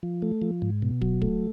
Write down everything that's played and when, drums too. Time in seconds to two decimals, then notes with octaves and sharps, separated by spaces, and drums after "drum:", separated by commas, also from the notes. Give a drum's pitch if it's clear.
0.03 F3
0.22 A3
0.42 F3
0.62 G#2
0.82 B2
1.01 F#3, drum: kick
1.22 A3, drum: kick